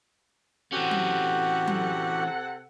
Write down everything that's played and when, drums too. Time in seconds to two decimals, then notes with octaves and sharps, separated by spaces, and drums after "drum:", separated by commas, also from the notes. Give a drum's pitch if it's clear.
0.72 C3 E3 C#4 F#4 G4 A4 F#5
0.91 drum: tom F#3
1.67 drum: tom F#3